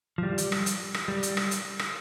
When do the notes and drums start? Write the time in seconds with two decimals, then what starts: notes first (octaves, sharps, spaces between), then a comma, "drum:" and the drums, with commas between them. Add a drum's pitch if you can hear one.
0.18 F3
0.23 G3
0.38 drum: hi-hat
0.52 drum: rim click
0.66 drum: hi-hat
0.94 drum: rim click
1.08 G3
1.23 drum: hi-hat
1.37 drum: rim click
1.51 drum: hi-hat
1.79 drum: rim click